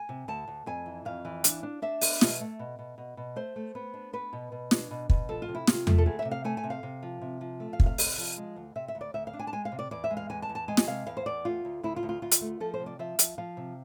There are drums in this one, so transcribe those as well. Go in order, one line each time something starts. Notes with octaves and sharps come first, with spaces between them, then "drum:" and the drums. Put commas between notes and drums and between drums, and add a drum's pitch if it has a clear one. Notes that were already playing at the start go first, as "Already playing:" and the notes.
Already playing: G#5
C3
D2 A5
D2
F2 G#5
E3
F2 F5
E3
D4, drum: hi-hat
D4
D4 E5
B3, drum: open hi-hat
B2, drum: snare
A3
B2
B2
B2
B2
A3 C5
A3
B3
D4
B3 B4
B2
B2
D4, drum: snare
B2
B2, drum: kick
F3 A4
F4
C3
E4
C3 F4, drum: snare
A3, drum: tom E2
A4
D2 G#4
E5
C3
F5
A3 G#5
G#5
C3
F5
C3
F3
C3
F3
A3
F5
C3, drum: kick
F5
C3, drum: open hi-hat
F3
G#3
D2
C3 E5
E5
D2
D5
D2 E5
F5
D4
G#5
A5
G#3 G#5
F5
C3
D5
E2 D5
E5
G#3
F5
E2 G#5
A5
E2
A5
G#3 G#5
drum: snare
C3 F5
E2 F5
C5
E2 D5
A3 F4
D2
D2 E4
F4
D2
F4
D2 F4
drum: hi-hat
A3
F3 A4
C5
C3
D5
F3 E5
F3, drum: hi-hat
F3 F5
C3